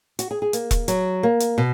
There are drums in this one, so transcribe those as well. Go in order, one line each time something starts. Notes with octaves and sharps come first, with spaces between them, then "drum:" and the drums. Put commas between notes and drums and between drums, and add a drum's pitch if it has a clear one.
F#4, drum: hi-hat
G#4
G#4
A#3, drum: hi-hat
drum: kick E1, hi-hat
F#3, drum: hi-hat
A#3
drum: hi-hat
B2